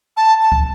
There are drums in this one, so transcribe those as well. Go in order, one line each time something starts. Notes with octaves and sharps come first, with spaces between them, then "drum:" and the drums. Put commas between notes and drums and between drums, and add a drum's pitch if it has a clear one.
A5
A5
drum: kick